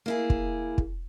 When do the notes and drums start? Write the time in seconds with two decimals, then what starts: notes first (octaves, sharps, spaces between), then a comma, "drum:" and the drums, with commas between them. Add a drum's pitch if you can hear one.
0.06 A#3 E4 G#4
0.30 drum: kick
0.78 drum: kick